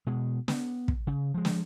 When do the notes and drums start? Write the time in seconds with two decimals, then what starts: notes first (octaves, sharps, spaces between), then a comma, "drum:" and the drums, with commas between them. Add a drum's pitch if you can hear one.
0.07 B2 G#3
0.48 B3, drum: snare
0.88 drum: kick
1.07 C#3
1.34 F3 G#3
1.45 drum: snare